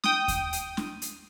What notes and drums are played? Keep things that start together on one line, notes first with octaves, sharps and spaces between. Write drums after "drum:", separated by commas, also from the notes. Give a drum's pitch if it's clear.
G5 D#6, drum: snare
drum: kick D#2, hi-hat
drum: hi-hat
drum: snare
drum: hi-hat